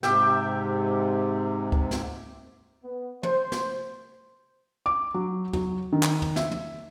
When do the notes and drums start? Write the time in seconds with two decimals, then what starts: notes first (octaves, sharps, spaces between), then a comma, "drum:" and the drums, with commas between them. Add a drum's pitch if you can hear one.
0.03 G#2 C3 G4 E5 G5, drum: snare
1.72 drum: kick C#2
1.91 drum: snare
2.84 B3
3.23 C5, drum: tom
3.52 drum: snare
4.86 D6
5.14 F#3
5.53 F#3, drum: tom
5.92 D#3
6.03 drum: clap
6.22 drum: tom
6.36 E5, drum: snare
6.51 drum: tom